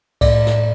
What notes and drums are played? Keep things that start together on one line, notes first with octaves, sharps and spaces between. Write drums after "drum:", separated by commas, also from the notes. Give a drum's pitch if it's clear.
A2 D5, drum: kick C2, cymbal
drum: snare